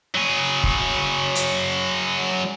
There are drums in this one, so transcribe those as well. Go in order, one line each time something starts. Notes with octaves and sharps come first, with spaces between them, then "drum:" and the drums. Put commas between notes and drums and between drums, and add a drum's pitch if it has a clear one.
F#3 G#4
drum: kick F1
drum: hi-hat